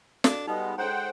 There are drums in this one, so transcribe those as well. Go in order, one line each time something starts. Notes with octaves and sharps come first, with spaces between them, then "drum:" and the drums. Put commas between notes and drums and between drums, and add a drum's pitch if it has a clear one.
D4 F#4 A4 F5, drum: snare
G3 G#3 B3 D#4
G#3 A4 C5 C#5 F#5 G5 A#5